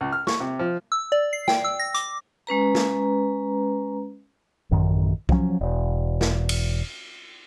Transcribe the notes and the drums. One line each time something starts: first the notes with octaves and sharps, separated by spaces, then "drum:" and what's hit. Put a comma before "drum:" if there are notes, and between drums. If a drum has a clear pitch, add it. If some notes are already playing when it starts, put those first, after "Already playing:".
C#2
F6
C#6, drum: snare
C3
F3
E6
D5
C7
G5, drum: snare
E6
A#6
D6, drum: hi-hat
G#3 C#4 B4 A#5
drum: snare
A1 F#2 D#3
F3 F#3 B3 C#4, drum: kick B1
E1
drum: snare
drum: cymbal